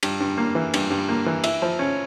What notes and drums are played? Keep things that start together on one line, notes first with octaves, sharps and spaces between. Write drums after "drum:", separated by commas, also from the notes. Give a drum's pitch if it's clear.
G2, drum: cymbal
G2
A#3
E3
G2, drum: cymbal
G2
A#3
E3
E4, drum: cymbal
F3
C#4